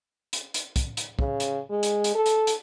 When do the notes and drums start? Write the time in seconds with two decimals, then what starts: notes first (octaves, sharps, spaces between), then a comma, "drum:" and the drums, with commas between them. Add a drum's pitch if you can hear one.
0.33 drum: hi-hat
0.54 drum: hi-hat
0.76 drum: kick, hi-hat
0.97 drum: hi-hat
1.19 C#3, drum: kick
1.40 drum: hi-hat
1.70 G#3
1.83 drum: hi-hat
2.04 drum: hi-hat
2.15 A4
2.26 drum: hi-hat
2.47 drum: hi-hat